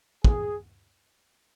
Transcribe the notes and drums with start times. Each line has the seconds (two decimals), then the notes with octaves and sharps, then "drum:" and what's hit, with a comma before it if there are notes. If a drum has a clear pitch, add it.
0.24 G#4, drum: kick